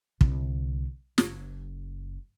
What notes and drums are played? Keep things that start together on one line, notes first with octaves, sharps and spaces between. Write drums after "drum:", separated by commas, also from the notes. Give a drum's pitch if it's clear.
C2 D3, drum: kick
F#1, drum: snare